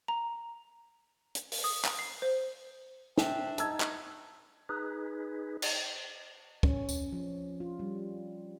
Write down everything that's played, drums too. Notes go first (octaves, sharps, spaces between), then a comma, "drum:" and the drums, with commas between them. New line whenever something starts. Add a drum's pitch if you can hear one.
A#5
drum: hi-hat
drum: open hi-hat
D#6
drum: clap
C7
C5
D4 C5 E5 G5, drum: snare
D#4 A5 E6 G#6, drum: hi-hat
drum: clap
D#4 G#4 B4
drum: cymbal
C#4, drum: kick
drum: tambourine
F3
F4
G3